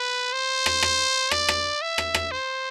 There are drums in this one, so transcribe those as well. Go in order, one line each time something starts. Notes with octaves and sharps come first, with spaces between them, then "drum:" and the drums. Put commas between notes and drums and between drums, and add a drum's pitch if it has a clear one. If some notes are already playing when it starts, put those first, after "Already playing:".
Already playing: B4
C5
drum: rim click
drum: rim click
D5, drum: rim click
drum: rim click
E5
drum: rim click
drum: rim click
C5